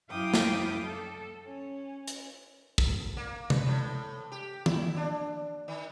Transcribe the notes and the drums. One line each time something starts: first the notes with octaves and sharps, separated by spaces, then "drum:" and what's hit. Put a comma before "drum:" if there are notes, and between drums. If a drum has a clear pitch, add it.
F#2 E4 F5 G5 D6 D#6
drum: snare
A4
C#4
drum: hi-hat
drum: kick
A#3
B4, drum: tom C3
A2
G4
E4, drum: tom D#3
D4
D#3